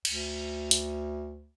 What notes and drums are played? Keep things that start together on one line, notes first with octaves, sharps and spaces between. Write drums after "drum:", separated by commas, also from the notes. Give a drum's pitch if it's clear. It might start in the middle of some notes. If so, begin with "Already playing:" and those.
D2, drum: cymbal
drum: hi-hat